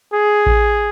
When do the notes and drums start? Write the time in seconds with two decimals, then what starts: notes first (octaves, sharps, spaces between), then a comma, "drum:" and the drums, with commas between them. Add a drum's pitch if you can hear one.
0.14 G#4
0.46 drum: kick A1